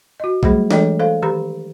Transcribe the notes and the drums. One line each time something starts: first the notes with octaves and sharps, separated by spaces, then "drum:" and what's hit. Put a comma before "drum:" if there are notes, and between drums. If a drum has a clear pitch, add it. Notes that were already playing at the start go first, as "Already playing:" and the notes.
F#4 D#5
F#3 G3 A3 G#4 C5 B5, drum: kick B1
E3 G#3 D4 A4 D#5 G5, drum: snare
A4 C5 F5
D#3 G4 A#5 B5